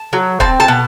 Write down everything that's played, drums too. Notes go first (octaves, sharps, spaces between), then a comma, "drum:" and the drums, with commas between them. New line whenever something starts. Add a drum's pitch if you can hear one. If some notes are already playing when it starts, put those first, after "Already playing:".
Already playing: A5
F#3
C4 A5, drum: kick
A5
B2